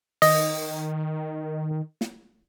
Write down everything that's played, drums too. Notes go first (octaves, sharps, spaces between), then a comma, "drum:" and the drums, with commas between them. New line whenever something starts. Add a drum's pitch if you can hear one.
D#3 D#5, drum: open hi-hat
drum: snare